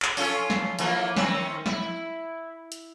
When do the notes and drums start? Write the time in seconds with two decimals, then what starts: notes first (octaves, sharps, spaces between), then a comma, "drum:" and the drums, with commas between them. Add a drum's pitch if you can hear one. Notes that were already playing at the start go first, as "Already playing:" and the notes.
0.02 drum: clap
0.17 C#4 F4 A4, drum: open hi-hat
0.50 drum: snare
0.79 E3 F3 A#3, drum: hi-hat
1.16 D#3 C4 C#4, drum: snare
1.66 E4, drum: snare
2.72 drum: hi-hat